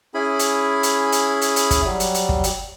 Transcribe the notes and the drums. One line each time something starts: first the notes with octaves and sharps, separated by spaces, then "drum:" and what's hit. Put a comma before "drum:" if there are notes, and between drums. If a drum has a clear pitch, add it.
C#4 E4 G#4 G#5 B5
drum: hi-hat
drum: hi-hat
drum: hi-hat
drum: hi-hat
drum: hi-hat
drum: kick, hi-hat
F#3 G3
drum: hi-hat
drum: hi-hat
drum: kick
drum: hi-hat